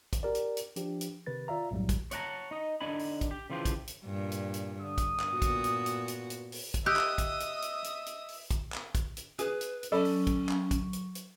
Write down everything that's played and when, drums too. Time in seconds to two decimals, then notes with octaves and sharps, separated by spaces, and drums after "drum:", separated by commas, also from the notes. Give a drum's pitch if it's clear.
0.13 drum: kick, hi-hat
0.23 G4 A#4 D5
0.35 drum: hi-hat
0.57 drum: hi-hat
0.76 F3 D4 G4, drum: hi-hat
1.01 drum: hi-hat
1.26 C3 D#3 B4 A6
1.48 F4 D5 E5 F5 A#5
1.71 B1 F#2 A2 F#3 G3
1.89 drum: kick, hi-hat
2.11 C#5 D5 F#5 G5 A5 A#5, drum: hi-hat
2.51 D#4 D#5
2.81 D3 D4 D#4 G#5 B5
2.99 drum: open hi-hat
3.21 drum: kick, hi-hat
3.31 G4
3.50 C#3 E3 F3 F4 G4
3.65 drum: kick, hi-hat
3.87 drum: hi-hat
4.05 G2 A#2
4.32 drum: hi-hat
4.54 drum: hi-hat
4.81 D3 D#6
4.98 drum: kick, hi-hat
5.20 drum: clap
5.31 A#2 B3 F#4
5.42 drum: kick, hi-hat
5.64 drum: hi-hat
5.86 drum: hi-hat
6.08 drum: hi-hat
6.30 drum: hi-hat
6.52 drum: open hi-hat
6.74 drum: kick, hi-hat
6.86 G4 D#5 E5 D#6 E6 F#6
6.96 drum: clap
7.18 drum: kick, hi-hat
7.40 drum: hi-hat
7.62 drum: hi-hat
7.84 drum: hi-hat
8.06 drum: hi-hat
8.28 drum: open hi-hat
8.51 drum: kick, hi-hat
8.73 drum: clap
8.95 drum: kick, hi-hat
9.17 drum: hi-hat
9.39 G#4 B4, drum: hi-hat
9.61 drum: hi-hat
9.83 drum: hi-hat
9.92 F#3 C#4 A4 D5 B5 C#6
10.05 drum: open hi-hat
10.27 drum: kick, hi-hat
10.49 drum: clap
10.71 drum: kick, hi-hat
10.93 drum: hi-hat
11.15 drum: hi-hat